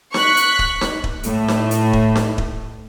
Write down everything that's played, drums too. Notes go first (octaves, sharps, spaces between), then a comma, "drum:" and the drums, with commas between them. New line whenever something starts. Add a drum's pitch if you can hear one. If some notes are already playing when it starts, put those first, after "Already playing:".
C#6 F#6 B6, drum: snare D#4
drum: hi-hat
drum: kick D#1
drum: snare D#4
drum: kick D#1
A2 A3, drum: hi-hat
drum: snare D#4
drum: hi-hat
drum: kick D#1
drum: snare D#4
drum: kick D#1